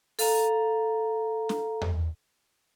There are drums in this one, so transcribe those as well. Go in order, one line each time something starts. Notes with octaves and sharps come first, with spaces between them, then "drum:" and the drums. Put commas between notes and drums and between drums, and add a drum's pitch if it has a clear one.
A4 F5 A#5, drum: open hi-hat
drum: snare
drum: tom E2